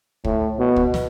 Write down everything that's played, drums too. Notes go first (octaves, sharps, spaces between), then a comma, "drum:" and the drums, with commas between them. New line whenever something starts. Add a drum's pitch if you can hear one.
A2, drum: kick
B2
drum: kick
drum: snare